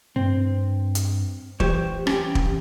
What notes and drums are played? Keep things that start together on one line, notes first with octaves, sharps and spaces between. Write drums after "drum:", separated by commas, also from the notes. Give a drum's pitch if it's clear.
G2 C4
drum: hi-hat
E3 G4 C5 C#5, drum: kick
C#4 G4, drum: rim click
drum: kick